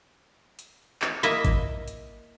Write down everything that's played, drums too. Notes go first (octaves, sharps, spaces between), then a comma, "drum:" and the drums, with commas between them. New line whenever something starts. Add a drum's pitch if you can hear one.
drum: hi-hat
drum: clap
A#3 E4 D#5 E5
drum: kick G#1, hi-hat
drum: hi-hat